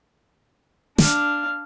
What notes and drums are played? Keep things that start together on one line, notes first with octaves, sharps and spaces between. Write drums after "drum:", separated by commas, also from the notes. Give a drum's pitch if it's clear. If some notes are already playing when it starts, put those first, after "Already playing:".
D4 F5, drum: snare